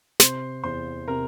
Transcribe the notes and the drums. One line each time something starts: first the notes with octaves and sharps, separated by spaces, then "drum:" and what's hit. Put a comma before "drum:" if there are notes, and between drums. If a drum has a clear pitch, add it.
C3 C5 C6, drum: snare
E2 C5 C6
C3 A#4 A#5